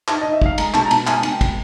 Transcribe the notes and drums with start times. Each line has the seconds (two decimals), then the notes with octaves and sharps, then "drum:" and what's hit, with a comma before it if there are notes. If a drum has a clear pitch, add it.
0.08 D#4 A5, drum: clap
0.21 D#4 D#5
0.33 E5
0.42 D#4 F5, drum: kick
0.58 G#3 A#5, drum: cymbal
0.74 B2 A5, drum: clap
0.86 A#5
0.91 B2 A5, drum: cymbal
1.07 G#3 G#5, drum: clap
1.15 A5
1.23 B2 G#5, drum: cymbal
1.32 G5
1.41 G#3, drum: kick, cymbal